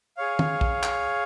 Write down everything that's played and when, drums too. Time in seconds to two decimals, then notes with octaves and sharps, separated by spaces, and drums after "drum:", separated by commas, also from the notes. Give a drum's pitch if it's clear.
0.17 G#4 C#5 F5
0.39 drum: tom
0.61 drum: kick A#1
0.83 drum: clap